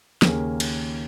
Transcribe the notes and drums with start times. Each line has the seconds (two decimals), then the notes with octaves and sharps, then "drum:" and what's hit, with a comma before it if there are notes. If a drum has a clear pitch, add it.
0.22 D#2 C#3 A#3 C#4 G#4, drum: snare
0.60 drum: cymbal